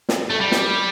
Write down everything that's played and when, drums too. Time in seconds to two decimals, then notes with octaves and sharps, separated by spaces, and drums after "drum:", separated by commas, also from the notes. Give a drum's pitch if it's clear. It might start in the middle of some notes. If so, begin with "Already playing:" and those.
0.09 drum: snare
0.30 A3
0.40 G3
0.52 drum: snare